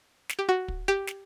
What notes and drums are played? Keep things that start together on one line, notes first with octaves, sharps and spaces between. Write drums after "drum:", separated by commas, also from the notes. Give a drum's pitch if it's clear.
drum: snare
G4
F#4
drum: kick
G4
drum: snare